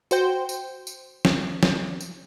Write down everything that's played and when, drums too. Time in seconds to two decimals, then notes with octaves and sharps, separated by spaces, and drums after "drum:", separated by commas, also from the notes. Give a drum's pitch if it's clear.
0.11 F#4 C5 G5, drum: tambourine
0.49 drum: tambourine
0.87 drum: tambourine
1.25 drum: snare
1.63 drum: snare
2.01 drum: tambourine